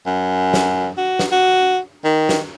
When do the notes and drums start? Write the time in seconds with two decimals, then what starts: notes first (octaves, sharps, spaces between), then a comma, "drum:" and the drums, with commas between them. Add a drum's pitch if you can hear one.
0.06 F#2
0.54 drum: snare
0.97 F#4
1.19 drum: snare
1.32 F#4
2.05 D#3
2.29 drum: snare